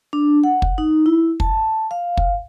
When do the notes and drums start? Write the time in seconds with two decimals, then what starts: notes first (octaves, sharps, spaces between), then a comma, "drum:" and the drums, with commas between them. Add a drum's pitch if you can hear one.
0.13 D4
0.44 F#5
0.62 drum: kick
0.78 D#4
1.06 E4
1.40 A5, drum: kick
1.91 F5
2.17 drum: kick